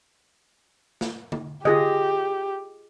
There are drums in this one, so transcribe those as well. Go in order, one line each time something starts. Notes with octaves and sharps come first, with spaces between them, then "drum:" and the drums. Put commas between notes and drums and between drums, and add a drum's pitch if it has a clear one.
drum: snare
drum: tom D3
F4 G4 G#4 D#5, drum: tom D3